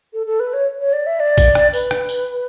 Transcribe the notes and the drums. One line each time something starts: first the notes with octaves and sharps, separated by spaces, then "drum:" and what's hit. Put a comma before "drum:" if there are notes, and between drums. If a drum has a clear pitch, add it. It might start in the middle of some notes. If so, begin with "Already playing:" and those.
A4
A4
B4
C#5
C#5
D5
E5
D5
drum: kick A1, tambourine
drum: rim click
B4, drum: tambourine
drum: rim click
drum: tambourine